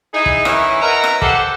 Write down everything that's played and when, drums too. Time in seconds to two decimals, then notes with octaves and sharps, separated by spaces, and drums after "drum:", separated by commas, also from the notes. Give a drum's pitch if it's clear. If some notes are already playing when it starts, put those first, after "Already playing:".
0.14 D#4 E4 G#4
0.26 drum: kick
0.45 E3 C#4 E4 A#4 B4 C#5, drum: rim click
0.81 A#4 B4 D#5 E5 F#5 A#5
1.04 drum: rim click
1.22 G4 A4 C5 F#5, drum: kick